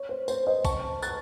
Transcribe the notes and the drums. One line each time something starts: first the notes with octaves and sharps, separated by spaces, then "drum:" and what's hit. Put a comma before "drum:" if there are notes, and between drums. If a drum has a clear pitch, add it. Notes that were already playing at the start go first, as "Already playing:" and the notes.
Already playing: C#5
C5
C5, drum: tambourine
C5 D#5
A5 C#6, drum: kick B1, tambourine
F#6 A6, drum: tambourine